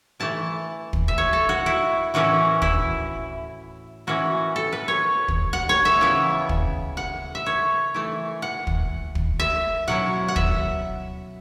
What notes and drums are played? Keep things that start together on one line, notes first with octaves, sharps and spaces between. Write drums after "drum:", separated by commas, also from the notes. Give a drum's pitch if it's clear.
E3 A3 E4 A5
drum: kick
E5
C#5
A4
F#4
E4
A2 E3 C#4 E4 F#4
E4, drum: kick
E3 C#4 E4 F#4
A4
B4
C#5
drum: kick
F#5
C#5
E5
C#3 E3 B3 E4
drum: kick
F#5
E5
C#5
E3 A3 E4
F#5
drum: kick
drum: kick
E5
B2 F#3 C#4 E4 F#5
F#5
E5, drum: kick